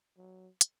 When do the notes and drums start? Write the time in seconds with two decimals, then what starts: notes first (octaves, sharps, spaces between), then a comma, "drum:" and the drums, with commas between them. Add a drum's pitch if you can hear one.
0.17 F#3
0.61 drum: hi-hat